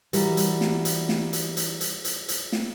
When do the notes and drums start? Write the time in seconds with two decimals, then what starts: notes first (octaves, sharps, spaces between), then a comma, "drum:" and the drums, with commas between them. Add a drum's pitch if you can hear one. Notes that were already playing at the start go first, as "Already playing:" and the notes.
0.13 E3 G3 F#4 A#4, drum: hi-hat
0.37 drum: hi-hat
0.61 drum: snare
0.85 drum: hi-hat
1.09 drum: snare
1.33 drum: hi-hat
1.57 drum: hi-hat
1.81 drum: hi-hat
2.05 drum: hi-hat
2.29 drum: hi-hat
2.52 drum: snare